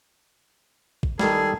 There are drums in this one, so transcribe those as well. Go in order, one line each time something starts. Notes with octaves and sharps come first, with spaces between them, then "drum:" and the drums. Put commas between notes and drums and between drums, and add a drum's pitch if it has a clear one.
drum: kick
D#3 G3 G#4 A4, drum: snare